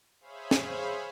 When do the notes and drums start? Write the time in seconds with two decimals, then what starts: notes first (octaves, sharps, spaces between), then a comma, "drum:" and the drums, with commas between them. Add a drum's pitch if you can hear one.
0.21 G#4 C5 C#5 E5 F5 B5
0.51 drum: snare